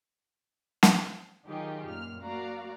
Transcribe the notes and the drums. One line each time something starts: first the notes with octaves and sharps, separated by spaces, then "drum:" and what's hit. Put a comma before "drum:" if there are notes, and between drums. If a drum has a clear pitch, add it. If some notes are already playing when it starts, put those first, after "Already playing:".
drum: snare
D#3 F#3 D#4 F4 G4 G#4
F#2 A#2 F6
A#3 F#4 D5 F5 A#5